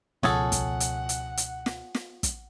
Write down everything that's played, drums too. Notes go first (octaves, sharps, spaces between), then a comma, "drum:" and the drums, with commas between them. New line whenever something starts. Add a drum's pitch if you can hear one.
C#2 B2 F3 C#4 G#4 A4 F#5, drum: snare
drum: kick, hi-hat
drum: hi-hat
drum: hi-hat
drum: hi-hat
drum: snare
drum: snare
drum: kick, hi-hat